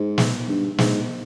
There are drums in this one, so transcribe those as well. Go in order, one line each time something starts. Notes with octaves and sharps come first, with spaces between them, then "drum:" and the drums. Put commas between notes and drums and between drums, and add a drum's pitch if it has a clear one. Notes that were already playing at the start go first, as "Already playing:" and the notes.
Already playing: G#2
drum: snare
G2
G#2, drum: snare